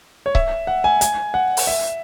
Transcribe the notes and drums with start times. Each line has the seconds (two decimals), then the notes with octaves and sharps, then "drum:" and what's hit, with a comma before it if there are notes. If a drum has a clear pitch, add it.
0.26 C#5
0.35 E5, drum: kick C#1
0.67 F#5
0.84 G#5
1.01 G#5, drum: hi-hat
1.34 F#5
1.57 drum: open hi-hat
1.67 E5